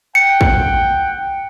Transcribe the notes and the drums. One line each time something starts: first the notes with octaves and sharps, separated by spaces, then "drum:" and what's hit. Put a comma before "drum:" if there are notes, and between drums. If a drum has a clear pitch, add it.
F#5 G5 C#7
drum: kick